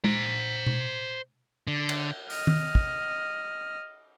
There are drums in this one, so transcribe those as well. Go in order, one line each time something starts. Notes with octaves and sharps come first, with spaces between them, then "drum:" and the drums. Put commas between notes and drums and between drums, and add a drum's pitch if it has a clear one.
C5 A#5, drum: tom G#3
drum: tom B2
D3
drum: cymbal
D#5 F6, drum: open hi-hat
drum: tom D#3
drum: kick